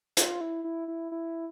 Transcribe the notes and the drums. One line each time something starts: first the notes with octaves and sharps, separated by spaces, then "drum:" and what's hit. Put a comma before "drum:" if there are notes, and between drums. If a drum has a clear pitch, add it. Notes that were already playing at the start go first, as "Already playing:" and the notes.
F4, drum: hi-hat
E4
E4
E4
E4